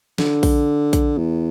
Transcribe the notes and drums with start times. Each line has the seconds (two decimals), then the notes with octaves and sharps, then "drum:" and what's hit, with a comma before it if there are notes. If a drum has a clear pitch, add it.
0.18 D3, drum: snare
0.43 drum: kick A#1, open hi-hat
0.93 drum: kick A#1, hi-hat
1.18 E2